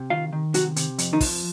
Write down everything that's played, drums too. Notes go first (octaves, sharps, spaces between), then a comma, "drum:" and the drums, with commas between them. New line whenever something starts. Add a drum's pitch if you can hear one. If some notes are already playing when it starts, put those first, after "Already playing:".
Already playing: C3
D#3 F4 F5
D#3
C3 F#3 F#4, drum: hi-hat
C3, drum: hi-hat
F2, drum: hi-hat
D#3 D#4
F3, drum: kick, open hi-hat